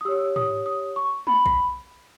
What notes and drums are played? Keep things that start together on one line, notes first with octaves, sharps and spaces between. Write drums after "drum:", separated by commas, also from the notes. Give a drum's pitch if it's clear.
D#6
G4 C#5 E6
D#6, drum: tom G#2
D#6
C#6
B5, drum: tom G#3
drum: kick A#1